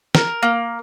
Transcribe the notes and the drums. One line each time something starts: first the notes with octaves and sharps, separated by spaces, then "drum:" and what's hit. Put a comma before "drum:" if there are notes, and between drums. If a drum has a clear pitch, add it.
A#4, drum: snare
A#3